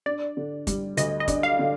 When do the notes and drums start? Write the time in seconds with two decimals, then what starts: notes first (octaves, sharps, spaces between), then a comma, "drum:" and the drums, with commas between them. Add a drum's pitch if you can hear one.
0.06 D4 D5
0.37 D3
0.67 G3, drum: kick, hi-hat
0.97 D2 D#5, drum: hi-hat
1.20 D#5
1.28 D4, drum: kick, hi-hat
1.43 F5
1.59 D3